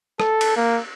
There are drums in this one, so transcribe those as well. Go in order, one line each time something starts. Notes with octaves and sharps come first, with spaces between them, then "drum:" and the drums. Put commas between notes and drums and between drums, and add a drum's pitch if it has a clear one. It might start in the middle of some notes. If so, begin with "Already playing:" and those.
A4, drum: rim click
drum: cymbal
A#3